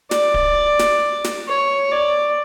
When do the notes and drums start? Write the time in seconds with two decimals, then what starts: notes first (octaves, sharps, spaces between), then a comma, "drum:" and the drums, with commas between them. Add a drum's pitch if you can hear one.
0.11 D5, drum: snare
0.34 drum: kick D1
0.79 drum: snare
1.24 drum: snare
1.48 C#5
1.92 D5